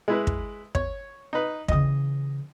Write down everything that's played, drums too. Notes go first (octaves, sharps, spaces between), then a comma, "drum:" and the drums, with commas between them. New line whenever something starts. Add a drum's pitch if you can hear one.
G#3 E4 B4
drum: kick
C#5, drum: kick
D#4 B4
C#3 E3 D#5 D#6, drum: kick